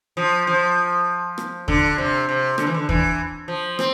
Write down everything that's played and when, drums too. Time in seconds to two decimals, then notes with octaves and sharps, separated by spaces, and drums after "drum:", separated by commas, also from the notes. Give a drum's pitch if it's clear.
0.17 F3
0.47 F3
1.38 drum: rim click
1.68 D3, drum: kick
1.98 C3
2.29 C3
2.58 D3, drum: rim click
2.67 E3
2.74 D3
2.89 E3, drum: kick
3.48 F3
3.79 C4, drum: rim click